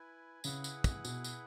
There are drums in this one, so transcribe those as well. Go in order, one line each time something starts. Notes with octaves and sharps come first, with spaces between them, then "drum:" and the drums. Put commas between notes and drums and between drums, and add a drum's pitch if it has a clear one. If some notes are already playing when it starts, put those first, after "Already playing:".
Already playing: E4 B4 G#5
C#3 E4 G#4 B4 F#5, drum: tambourine
drum: tambourine
drum: kick, tambourine
B2, drum: tambourine
drum: tambourine